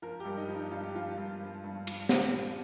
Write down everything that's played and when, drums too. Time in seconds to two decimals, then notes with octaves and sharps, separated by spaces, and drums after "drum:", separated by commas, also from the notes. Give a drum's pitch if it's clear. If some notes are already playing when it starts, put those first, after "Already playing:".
0.02 F3 A#4
0.20 G4
0.25 G2
0.37 D#4
0.48 F3
0.54 D#4
0.71 G2 F4
0.84 G4
0.95 F3 F4
1.18 G2
1.41 F3
1.64 G2
1.87 F3, drum: cymbal
2.09 G2 G4, drum: snare
2.32 F3